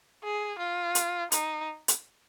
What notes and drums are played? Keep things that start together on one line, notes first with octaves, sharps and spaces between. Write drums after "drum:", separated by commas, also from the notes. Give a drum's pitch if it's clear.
G#4
F4
drum: hi-hat
D#4, drum: hi-hat
drum: hi-hat